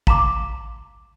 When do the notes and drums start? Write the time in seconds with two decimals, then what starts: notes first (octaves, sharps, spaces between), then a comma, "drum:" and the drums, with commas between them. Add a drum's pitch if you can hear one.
0.07 F5 A#5 C6 D6, drum: kick